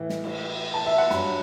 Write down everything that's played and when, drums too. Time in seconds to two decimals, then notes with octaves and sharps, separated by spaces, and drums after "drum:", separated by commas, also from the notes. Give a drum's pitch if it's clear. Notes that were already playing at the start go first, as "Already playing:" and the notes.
Already playing: A2 E3
0.09 drum: snare
0.24 drum: cymbal
0.74 A5
0.86 E5
0.98 F#5
1.10 G2 F#3 B5, drum: snare